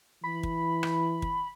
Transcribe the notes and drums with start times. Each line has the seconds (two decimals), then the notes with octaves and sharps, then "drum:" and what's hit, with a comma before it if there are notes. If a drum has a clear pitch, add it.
0.24 E3 B5
0.43 drum: kick
0.83 drum: rim click
1.22 drum: kick